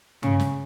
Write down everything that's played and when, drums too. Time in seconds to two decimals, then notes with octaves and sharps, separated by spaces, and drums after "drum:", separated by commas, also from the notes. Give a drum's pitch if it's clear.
0.23 C#3, drum: tom G2
0.40 drum: snare